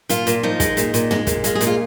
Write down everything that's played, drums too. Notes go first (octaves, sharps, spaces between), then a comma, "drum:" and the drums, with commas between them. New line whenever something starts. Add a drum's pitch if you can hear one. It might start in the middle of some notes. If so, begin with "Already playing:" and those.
A#2 F4, drum: hi-hat
A#2, drum: hi-hat
F3 D#4
G#3, drum: kick, hi-hat
A#2, drum: hi-hat
A#2, drum: hi-hat
G#3, drum: tom
A#2, drum: kick, hi-hat
G#3 F4, drum: hi-hat
G#4
A#2, drum: hi-hat
F4